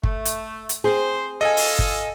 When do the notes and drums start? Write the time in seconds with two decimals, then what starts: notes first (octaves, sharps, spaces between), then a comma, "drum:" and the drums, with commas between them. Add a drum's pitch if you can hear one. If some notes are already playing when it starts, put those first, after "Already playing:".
0.03 A3, drum: kick G1
0.25 drum: hi-hat
0.69 drum: hi-hat
0.84 C4 G#4 C5
1.41 F4 A4 D#5 G#5
1.57 drum: open hi-hat
1.79 drum: kick G1